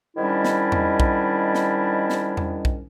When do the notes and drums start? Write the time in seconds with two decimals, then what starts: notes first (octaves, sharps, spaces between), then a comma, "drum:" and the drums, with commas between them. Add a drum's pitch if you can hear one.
0.17 G#2 D#3 G3 C#4 D4 E4
0.45 drum: snare
0.72 drum: tom E2
1.00 drum: kick
1.55 drum: snare
2.10 drum: snare
2.37 drum: tom E2
2.65 drum: kick